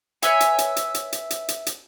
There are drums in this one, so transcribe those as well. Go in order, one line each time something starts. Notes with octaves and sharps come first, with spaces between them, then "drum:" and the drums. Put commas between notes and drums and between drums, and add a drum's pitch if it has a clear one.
B4 C#5 E5 G#5, drum: hi-hat
drum: hi-hat
drum: hi-hat
drum: hi-hat
drum: hi-hat
drum: hi-hat
drum: hi-hat
drum: hi-hat
drum: hi-hat